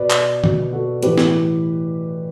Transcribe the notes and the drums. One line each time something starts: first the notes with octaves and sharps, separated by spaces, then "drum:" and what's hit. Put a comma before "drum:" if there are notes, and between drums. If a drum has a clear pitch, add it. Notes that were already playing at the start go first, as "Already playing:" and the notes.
Already playing: B2 B4 D5
drum: clap
B2, drum: tom D3
F#4 A4
A2 E3 G4 B4, drum: hi-hat
drum: snare